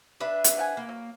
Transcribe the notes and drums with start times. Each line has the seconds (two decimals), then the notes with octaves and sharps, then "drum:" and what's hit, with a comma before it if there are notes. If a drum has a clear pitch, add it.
0.20 D4 B4 E5
0.44 drum: hi-hat
0.57 C3 F#5 G#5
0.77 A#3
0.89 F#3